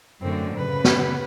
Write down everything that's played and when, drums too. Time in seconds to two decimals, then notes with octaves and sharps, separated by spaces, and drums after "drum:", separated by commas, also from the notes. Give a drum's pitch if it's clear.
0.22 F#2 A2 D3 A3 C4
0.57 F#2 C#3 B4
0.84 drum: snare